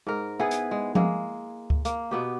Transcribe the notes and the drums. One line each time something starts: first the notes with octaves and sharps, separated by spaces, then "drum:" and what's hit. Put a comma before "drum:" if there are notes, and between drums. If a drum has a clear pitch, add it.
G#2 A#4
B3 E4 G#4 B4
drum: hi-hat
G#3
G#3 A#3, drum: tom F3
drum: kick D2
A#3, drum: hi-hat
B2 B3 G4